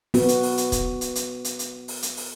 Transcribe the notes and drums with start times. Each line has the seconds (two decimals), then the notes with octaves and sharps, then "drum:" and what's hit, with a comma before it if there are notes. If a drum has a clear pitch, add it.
0.14 B3 F#4, drum: open hi-hat
0.28 drum: hi-hat
0.43 drum: open hi-hat
0.57 drum: hi-hat
0.72 drum: kick, hi-hat
1.01 drum: hi-hat
1.15 drum: hi-hat
1.44 drum: hi-hat
1.59 drum: hi-hat
1.88 drum: open hi-hat
2.02 drum: hi-hat
2.17 drum: open hi-hat